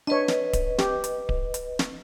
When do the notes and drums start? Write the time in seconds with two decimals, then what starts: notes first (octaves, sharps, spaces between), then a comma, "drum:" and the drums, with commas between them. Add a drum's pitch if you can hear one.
0.07 D4 B4 C#5 D#5
0.28 drum: snare
0.53 drum: kick D1, hi-hat
0.78 G4, drum: snare
1.04 drum: hi-hat
1.29 drum: kick D1
1.54 drum: hi-hat
1.79 drum: snare